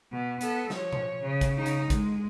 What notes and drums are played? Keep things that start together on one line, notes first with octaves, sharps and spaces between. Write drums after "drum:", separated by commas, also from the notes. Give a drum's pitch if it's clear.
B2
B3 A4, drum: hi-hat
F3 C#5, drum: snare
drum: tom B2
C#3
drum: kick, hi-hat
C#3 D#4
drum: hi-hat
G#3, drum: kick, hi-hat